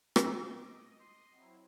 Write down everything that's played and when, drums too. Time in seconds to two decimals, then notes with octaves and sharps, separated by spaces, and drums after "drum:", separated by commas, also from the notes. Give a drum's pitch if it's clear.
0.16 E6, drum: rim click
0.56 D#5 D6
1.00 C6
1.31 F#3 C4 E4